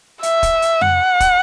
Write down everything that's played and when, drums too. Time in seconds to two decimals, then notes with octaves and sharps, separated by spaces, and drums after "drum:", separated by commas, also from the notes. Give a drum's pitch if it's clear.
0.23 E5, drum: hi-hat
0.43 drum: kick, hi-hat
0.62 drum: hi-hat
0.81 F#5, drum: tom F2
1.20 drum: kick, hi-hat